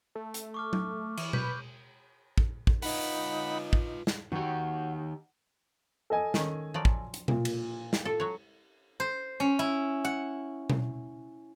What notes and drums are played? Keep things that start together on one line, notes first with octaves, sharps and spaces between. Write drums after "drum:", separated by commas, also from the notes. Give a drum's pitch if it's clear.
A3
drum: hi-hat
C#6 D6 F6
drum: tom F#3
E3, drum: cymbal
B4 G6, drum: tom B2
drum: kick
drum: kick
D#4 F4 B4 F#5 B5, drum: open hi-hat
drum: kick
drum: snare
D#3 F#4 G4
A4 D#5 G#5
D#3 C#4, drum: snare
F3 F#3 D5
drum: kick
drum: hi-hat
A#2, drum: tom B2
drum: cymbal
drum: snare
A4
F#3 C#5
C5
C#4
E4
F#5
drum: tom B2